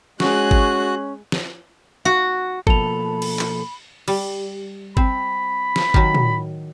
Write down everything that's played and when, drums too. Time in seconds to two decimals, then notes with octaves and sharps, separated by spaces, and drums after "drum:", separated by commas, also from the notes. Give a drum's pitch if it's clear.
0.20 G#3 C#4 F#4 G#4 F#6, drum: snare
0.51 drum: kick
1.32 drum: snare
2.05 F#4
2.67 B2 F3 A#3 A4 A5 B5 F7, drum: kick
3.22 drum: cymbal
3.39 drum: clap
4.08 G3, drum: cymbal
4.97 C4 B5, drum: kick
5.76 drum: snare
5.94 D#3 F#3, drum: kick
6.14 drum: tom